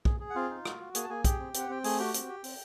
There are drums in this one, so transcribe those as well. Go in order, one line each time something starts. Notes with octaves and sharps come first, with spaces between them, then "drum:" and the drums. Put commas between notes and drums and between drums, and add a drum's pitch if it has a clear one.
G#4, drum: kick B1
G#4
F#5
C4 F4 F5
D#4
F#4, drum: rim click
F#4
A#3 G#4 G#5, drum: hi-hat
A5
A#3 G#4 G#5
G4 G#4 G5, drum: kick B1, hi-hat
C4
C4 F#5, drum: hi-hat
C4 G5
A3 G#4 G#5, drum: open hi-hat
F#4 G4 G5
C4, drum: hi-hat
G4
C4, drum: open hi-hat